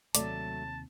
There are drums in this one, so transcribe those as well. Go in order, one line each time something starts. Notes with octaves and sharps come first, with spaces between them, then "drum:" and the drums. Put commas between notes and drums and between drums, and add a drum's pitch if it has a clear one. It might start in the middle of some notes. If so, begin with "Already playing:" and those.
D#2 C3 F#3 A3 D5 A5, drum: hi-hat